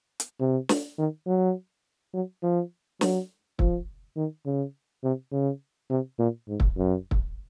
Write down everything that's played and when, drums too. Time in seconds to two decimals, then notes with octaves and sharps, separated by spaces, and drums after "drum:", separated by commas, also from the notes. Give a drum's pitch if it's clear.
0.20 drum: hi-hat
0.40 C3
0.69 drum: snare
0.98 D#3
1.26 F#3
2.14 F#3
2.43 F3
3.01 F#3, drum: snare
3.59 F3, drum: kick
4.17 D#3
4.46 C#3
5.04 C3
5.32 C#3
5.90 C3
6.19 A#2
6.48 G#2
6.60 drum: kick
6.77 F#2
7.11 drum: kick